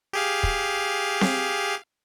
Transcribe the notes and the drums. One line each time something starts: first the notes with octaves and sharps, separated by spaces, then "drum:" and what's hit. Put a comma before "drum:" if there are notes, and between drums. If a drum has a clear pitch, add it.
G4 G#4 F5
drum: kick
drum: snare C4